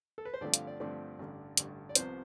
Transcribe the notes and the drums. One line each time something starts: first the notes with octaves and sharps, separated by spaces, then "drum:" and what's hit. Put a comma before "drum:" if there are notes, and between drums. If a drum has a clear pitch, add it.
A4
B4
C5
G2 D3 F3 A3 C4 D5
F5, drum: hi-hat
D5
G2 D3 F3 A3 C4 D5
A1 G2 D3
A1 G2 D3, drum: hi-hat
D5
C2 C3 F3 B3 C5, drum: hi-hat